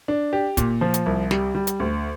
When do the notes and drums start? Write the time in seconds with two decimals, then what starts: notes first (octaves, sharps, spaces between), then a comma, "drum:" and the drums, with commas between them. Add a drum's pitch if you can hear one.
0.08 D4
0.33 G4
0.57 A#2, drum: kick, hi-hat
0.81 F3
0.94 drum: hi-hat
1.06 C2
1.31 G3, drum: snare
1.55 G3
1.67 drum: hi-hat
1.80 D2